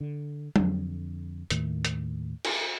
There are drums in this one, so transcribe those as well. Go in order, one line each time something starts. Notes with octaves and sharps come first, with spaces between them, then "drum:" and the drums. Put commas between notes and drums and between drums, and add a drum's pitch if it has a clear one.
D3
F2 D3, drum: tom F#3
D#2 A2 D#3 A3, drum: hi-hat
drum: hi-hat
drum: cymbal